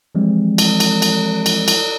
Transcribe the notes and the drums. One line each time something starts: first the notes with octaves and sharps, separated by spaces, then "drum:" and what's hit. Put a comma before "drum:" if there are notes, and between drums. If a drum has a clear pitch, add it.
E3 F3 G3 G#3 C4
drum: cymbal
drum: cymbal
drum: cymbal
drum: cymbal
drum: cymbal